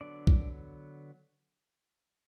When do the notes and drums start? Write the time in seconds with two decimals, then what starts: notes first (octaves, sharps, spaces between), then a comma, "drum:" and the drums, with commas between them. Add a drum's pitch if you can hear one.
0.01 D3 F#3 B3 D4 D5
0.27 drum: kick B1